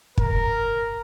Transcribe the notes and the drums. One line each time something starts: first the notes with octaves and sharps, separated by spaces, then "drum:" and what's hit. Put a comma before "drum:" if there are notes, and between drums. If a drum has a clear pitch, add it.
A#4, drum: kick